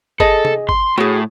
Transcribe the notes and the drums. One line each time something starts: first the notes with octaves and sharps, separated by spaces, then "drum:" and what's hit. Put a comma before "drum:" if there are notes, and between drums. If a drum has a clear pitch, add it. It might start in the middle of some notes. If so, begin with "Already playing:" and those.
G#4 A4 D#5, drum: kick G1
drum: tom
C6, drum: kick G1
A2 F#4 G#4